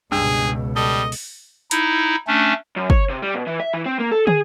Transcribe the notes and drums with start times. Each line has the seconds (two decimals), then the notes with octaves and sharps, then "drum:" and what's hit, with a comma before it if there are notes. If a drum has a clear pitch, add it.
0.12 C#2 G2 B2 G#4 G5 E6
0.76 G3 A4 D#5
1.12 drum: open hi-hat
1.71 D#4 E4, drum: hi-hat
2.27 A3 C#4 D4
2.76 F#2
2.90 C#5, drum: kick
3.10 C3
3.23 G3
3.34 B2
3.47 E3
3.60 E5
3.74 E3
3.86 C4
4.00 A#3
4.12 A4
4.27 G#4, drum: tom